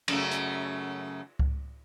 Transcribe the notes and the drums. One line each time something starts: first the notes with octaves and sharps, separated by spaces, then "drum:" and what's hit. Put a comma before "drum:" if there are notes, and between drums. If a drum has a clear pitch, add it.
F#2 C#3 A3, drum: cymbal
drum: hi-hat
drum: kick C#2